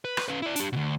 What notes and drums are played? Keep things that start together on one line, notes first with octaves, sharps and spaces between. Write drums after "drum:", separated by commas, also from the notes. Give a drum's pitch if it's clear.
B4
drum: rim click
C#4 B4
E4 D5
D4 G4, drum: hi-hat
D2 B2